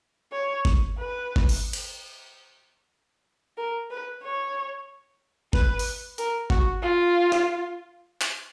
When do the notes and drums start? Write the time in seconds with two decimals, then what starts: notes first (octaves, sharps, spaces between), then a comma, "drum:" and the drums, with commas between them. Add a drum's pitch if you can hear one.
0.32 C#5
0.65 drum: kick G1
0.98 B4
1.36 drum: kick G1
1.49 drum: open hi-hat
1.73 drum: cymbal
3.57 A#4
3.91 B4
4.23 C#5
5.53 B4, drum: kick G1
5.79 drum: open hi-hat
6.18 A#4, drum: hi-hat
6.50 F#4, drum: kick G1
6.83 F4
7.32 drum: snare
8.21 drum: clap